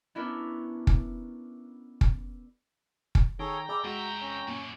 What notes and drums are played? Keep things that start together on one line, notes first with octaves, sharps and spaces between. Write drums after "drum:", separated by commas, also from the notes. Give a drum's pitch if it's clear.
B3 C#4 D4 E4 A4 A#4
drum: kick
drum: kick
drum: kick
D#3 G#4 A4 C#5 G5 A#5
G#4 D5 E5 B5
F2 G#3 F#4 E5
C#4
F#2 A#2 D3